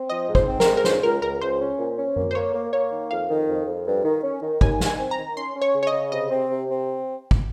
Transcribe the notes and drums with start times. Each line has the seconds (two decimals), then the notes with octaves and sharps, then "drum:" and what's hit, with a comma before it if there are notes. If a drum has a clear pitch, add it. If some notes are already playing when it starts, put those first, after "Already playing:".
Already playing: C4
0.09 F3 D#5
0.29 G#2
0.35 C5, drum: kick
0.47 C4
0.60 A#4, drum: snare
0.65 G#2
0.77 A#4
0.84 C#2 C5, drum: snare
1.03 C#2 A#4
1.22 C#2 A#4
1.41 C#2 C5
1.61 C#4
1.78 A#2
1.98 C#4
2.16 A#3, drum: tom F#2
2.31 C5
2.35 A#3 C#5
2.54 A#3
2.72 A#3 C#5
2.91 D#3
3.11 F2 F5
3.29 D#3
3.49 F2
3.67 F2
3.86 G2
4.04 D#3
4.23 C#4
4.42 D#3
4.61 D#2 G#5, drum: kick
4.80 D#3, drum: snare
4.86 G#5
4.99 C4
5.11 A#5
5.18 D#3
5.37 C#4 C6
5.55 C#4
5.61 C#5
5.74 C#3
5.83 C#5
5.87 D#5
5.93 C#3
6.12 C3 D#5
6.30 C4
6.49 C3
6.68 C4
7.31 drum: kick